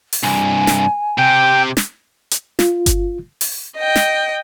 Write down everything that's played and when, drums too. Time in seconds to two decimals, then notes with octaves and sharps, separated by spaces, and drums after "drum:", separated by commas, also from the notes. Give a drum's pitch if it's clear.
0.13 drum: open hi-hat
0.23 C2 G2 G#5
0.67 drum: snare
1.18 C3 G4 G5
1.77 drum: snare
2.31 drum: hi-hat
2.59 F4, drum: snare
2.86 drum: kick G1, hi-hat
3.41 drum: open hi-hat
3.77 D#5 G5
3.96 drum: snare